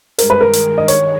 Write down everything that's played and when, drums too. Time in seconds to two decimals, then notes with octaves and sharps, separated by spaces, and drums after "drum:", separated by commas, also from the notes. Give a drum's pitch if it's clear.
0.18 G2 D#3 G#3 A#4, drum: hi-hat
0.30 B4
0.41 A#4
0.53 drum: hi-hat
0.78 D#5
0.88 C#5, drum: hi-hat